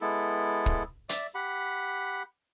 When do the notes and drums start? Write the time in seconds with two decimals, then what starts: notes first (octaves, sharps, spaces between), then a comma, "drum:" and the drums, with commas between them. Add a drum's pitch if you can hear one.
0.01 G#3 B3 E4 A4
0.66 drum: kick
1.09 D5 E5, drum: hi-hat
1.35 G4 F#5 B5